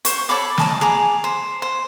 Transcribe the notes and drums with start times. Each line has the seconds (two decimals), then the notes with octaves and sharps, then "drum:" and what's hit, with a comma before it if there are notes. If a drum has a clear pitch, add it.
0.05 C5 C#6, drum: hi-hat
0.29 A4 C#5 B5 D6
0.58 D#5 A5 D6, drum: snare
0.81 G#4 A#5 D6
1.24 C5
1.62 C5